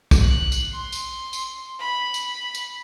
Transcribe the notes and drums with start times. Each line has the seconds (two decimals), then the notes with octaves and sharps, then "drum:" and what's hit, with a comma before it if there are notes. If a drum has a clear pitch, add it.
0.11 drum: kick, tambourine
0.22 F#6
0.52 drum: tambourine
0.72 C6
0.92 drum: tambourine
1.33 drum: tambourine
1.79 B5
2.14 drum: tambourine
2.55 drum: tambourine